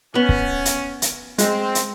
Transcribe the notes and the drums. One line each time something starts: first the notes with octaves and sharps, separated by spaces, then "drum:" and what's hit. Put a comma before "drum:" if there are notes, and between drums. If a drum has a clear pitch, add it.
B3 C#4
drum: kick
drum: hi-hat
drum: hi-hat
G#3 C4, drum: hi-hat
drum: hi-hat